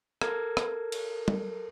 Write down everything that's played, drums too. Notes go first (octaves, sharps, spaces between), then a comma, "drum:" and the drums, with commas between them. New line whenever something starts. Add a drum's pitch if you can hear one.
A4 A#4 G#6, drum: rim click
drum: rim click
drum: cymbal
drum: tom G3